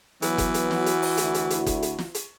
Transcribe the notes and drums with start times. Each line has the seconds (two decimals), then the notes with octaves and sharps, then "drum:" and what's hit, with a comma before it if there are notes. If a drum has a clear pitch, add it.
0.22 E3 F#3 B3, drum: hi-hat
0.38 drum: kick F#1, hi-hat
0.54 drum: hi-hat
0.71 F#4, drum: snare
0.86 drum: hi-hat
1.02 drum: open hi-hat
1.17 D2 E4, drum: hi-hat
1.34 drum: hi-hat
1.50 drum: hi-hat
1.66 drum: kick F#1, hi-hat
1.82 drum: hi-hat
1.98 drum: snare
2.15 drum: hi-hat